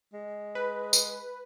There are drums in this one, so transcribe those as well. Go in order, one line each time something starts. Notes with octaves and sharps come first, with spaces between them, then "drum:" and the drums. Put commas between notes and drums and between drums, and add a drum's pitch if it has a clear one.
G#3
B4
drum: tambourine